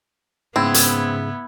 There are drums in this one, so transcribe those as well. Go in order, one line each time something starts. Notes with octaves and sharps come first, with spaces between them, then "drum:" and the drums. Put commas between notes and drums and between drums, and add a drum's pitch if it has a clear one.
G#2 C#3 B3 C4 E4
drum: hi-hat